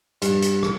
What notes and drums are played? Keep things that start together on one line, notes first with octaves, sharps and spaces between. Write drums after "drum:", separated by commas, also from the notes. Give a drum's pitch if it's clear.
G2, drum: hi-hat
drum: hi-hat
drum: rim click